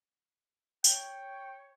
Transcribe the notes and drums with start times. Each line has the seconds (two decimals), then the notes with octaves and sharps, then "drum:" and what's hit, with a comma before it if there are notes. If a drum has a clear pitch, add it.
0.84 C#5 G5, drum: tambourine